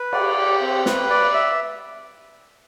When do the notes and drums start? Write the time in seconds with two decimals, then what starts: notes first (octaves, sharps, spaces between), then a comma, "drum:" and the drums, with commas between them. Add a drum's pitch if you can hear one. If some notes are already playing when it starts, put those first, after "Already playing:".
Already playing: B4
0.13 D5, drum: cymbal
0.38 G4
0.61 C4
0.86 B4, drum: snare
1.10 D5
1.33 E5